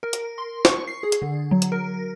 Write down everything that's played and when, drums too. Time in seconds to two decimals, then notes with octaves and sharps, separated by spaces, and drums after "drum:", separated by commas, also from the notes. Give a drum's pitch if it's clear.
0.03 A#4
0.13 drum: hi-hat
0.38 C6
0.65 C#6, drum: snare
0.87 C7
1.03 G#4
1.12 drum: hi-hat
1.22 D3
1.51 F#3
1.62 drum: hi-hat
1.72 A#4